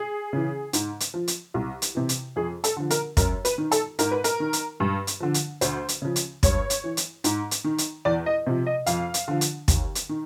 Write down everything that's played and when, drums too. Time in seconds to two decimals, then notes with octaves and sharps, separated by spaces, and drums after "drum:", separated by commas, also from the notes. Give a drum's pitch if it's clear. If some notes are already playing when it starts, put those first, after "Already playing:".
Already playing: G#4
0.33 C#3 E3
0.73 G#2, drum: hi-hat
1.00 drum: hi-hat
1.14 F3
1.28 drum: hi-hat
1.54 C2
1.82 drum: hi-hat
1.95 C3 E3
2.09 drum: hi-hat
2.36 F2 G#4
2.64 A4, drum: hi-hat
2.77 D3 F3
2.90 A#4, drum: hi-hat
3.17 F#2 A#4, drum: kick, hi-hat
3.45 B4, drum: hi-hat
3.58 D#3
3.72 A4, drum: hi-hat
3.99 G#2 A#4, drum: hi-hat
4.11 B4
4.24 A#4, drum: hi-hat
4.40 D#3
4.53 drum: hi-hat
4.80 G2
5.07 drum: hi-hat
5.20 D3 F3
5.34 drum: hi-hat
5.61 D2 C5, drum: hi-hat
5.89 drum: hi-hat
6.02 C#3 F3
6.16 drum: hi-hat
6.43 G2 C#5, drum: kick, hi-hat
6.70 drum: hi-hat
6.84 E3
6.97 drum: hi-hat
7.24 G#2, drum: hi-hat
7.51 drum: hi-hat
7.64 D#3
7.78 drum: hi-hat
8.05 E2 D5
8.26 D#5
8.47 C3 F3
8.66 D#5
8.86 F2 F5, drum: hi-hat
9.14 drum: hi-hat
9.28 D3 F3
9.41 drum: hi-hat
9.68 D#2, drum: kick, hi-hat
9.95 drum: hi-hat
10.09 D#3